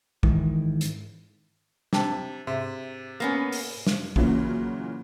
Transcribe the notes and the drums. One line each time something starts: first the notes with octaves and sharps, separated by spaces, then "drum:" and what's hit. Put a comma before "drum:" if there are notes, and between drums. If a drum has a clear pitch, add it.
G#2 D#3 E3, drum: kick
drum: hi-hat
C3 D4 G5 A5, drum: snare
G#2 C3 E5
A#3 B3 C#4
drum: open hi-hat
drum: snare
A#2 C#3 E3 F#3 A#3, drum: kick